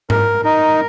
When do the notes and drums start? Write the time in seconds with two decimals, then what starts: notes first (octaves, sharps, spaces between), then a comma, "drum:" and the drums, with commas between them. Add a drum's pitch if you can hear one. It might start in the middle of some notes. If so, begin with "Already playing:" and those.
0.10 A#4, drum: tom G#2
0.44 D#4 A#4